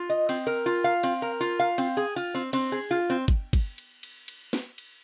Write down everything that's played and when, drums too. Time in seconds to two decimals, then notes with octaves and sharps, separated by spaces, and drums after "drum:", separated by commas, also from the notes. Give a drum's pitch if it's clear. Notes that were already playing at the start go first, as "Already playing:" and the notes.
Already playing: F4
0.10 D#5
0.29 C4, drum: cymbal
0.47 A#4
0.66 F4
0.84 F5
1.03 C4, drum: cymbal
1.22 A#4
1.41 F4
1.59 F5
1.78 C4, drum: cymbal
1.97 G#4
2.16 F4
2.34 C4
2.53 C4, drum: cymbal
2.72 G#4
2.91 F4
3.10 C4
3.28 drum: kick
3.53 drum: kick, cymbal
3.78 drum: cymbal
4.03 drum: cymbal
4.28 drum: cymbal
4.53 drum: snare
4.78 drum: cymbal